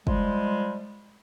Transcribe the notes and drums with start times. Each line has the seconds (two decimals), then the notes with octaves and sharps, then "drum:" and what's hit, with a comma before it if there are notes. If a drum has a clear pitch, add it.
0.07 F3 G3 G#3, drum: kick